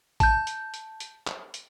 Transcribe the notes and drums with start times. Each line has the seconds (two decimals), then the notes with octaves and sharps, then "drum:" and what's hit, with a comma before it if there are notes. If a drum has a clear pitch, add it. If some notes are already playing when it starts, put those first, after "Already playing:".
0.20 A5 G6, drum: kick, hi-hat
0.47 drum: hi-hat
0.74 drum: hi-hat
1.00 drum: hi-hat
1.27 drum: clap
1.54 drum: hi-hat